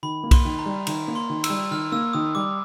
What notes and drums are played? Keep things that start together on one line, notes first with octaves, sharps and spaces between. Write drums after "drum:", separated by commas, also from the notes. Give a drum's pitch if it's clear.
D#3 B5
A#3
C6, drum: kick B1, cymbal
D#3
A#5
G3
D#3 A#5, drum: cymbal
A#3
C6
D#3
E6, drum: cymbal
G3
D#3 F6
A#3 E6
D#3 D#6
G3 D6